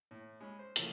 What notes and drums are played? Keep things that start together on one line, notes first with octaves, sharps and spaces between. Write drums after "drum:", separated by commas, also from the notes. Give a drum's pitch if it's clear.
A2
G#3 C#4 B5
C5
A#1 C#3 E3 F3 A3 A#3, drum: hi-hat